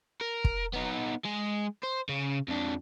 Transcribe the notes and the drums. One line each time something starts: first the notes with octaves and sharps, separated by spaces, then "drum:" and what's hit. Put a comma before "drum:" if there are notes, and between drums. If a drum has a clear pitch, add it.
A#4
drum: kick
B3 D#4
G#3 G#4
C5
C#3
F2 D4